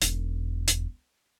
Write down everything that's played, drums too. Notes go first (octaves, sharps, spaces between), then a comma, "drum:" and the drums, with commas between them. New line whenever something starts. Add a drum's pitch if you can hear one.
E1 B1, drum: hi-hat
drum: hi-hat